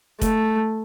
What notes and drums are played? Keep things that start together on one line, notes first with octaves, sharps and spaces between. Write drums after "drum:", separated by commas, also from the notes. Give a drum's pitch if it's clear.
A3, drum: kick F1, hi-hat